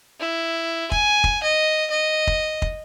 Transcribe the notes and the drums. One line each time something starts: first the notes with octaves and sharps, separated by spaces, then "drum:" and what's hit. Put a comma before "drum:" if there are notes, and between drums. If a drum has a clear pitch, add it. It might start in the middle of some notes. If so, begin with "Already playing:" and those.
E4
G#5, drum: kick
drum: kick
D#5
D#5
drum: kick
drum: kick